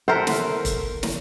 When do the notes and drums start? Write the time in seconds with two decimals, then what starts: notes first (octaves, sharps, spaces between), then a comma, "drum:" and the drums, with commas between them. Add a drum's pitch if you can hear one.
0.08 A4 A#4 C5 E5 F#5
0.27 drum: snare
0.65 drum: kick, hi-hat
1.03 drum: snare